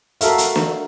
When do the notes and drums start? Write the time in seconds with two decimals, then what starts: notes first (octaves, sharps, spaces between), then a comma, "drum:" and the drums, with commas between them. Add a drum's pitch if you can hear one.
0.21 F#4 A4 A#4 E5 F5, drum: hi-hat
0.38 drum: hi-hat
0.56 drum: snare